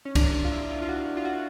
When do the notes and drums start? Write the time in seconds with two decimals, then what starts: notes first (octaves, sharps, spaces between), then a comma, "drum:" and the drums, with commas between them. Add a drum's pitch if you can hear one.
0.05 C#4
0.15 D4, drum: kick C2, cymbal
0.45 F4
0.52 E4
0.71 F4
0.82 F4
0.89 F#4
1.17 F4
1.25 F#4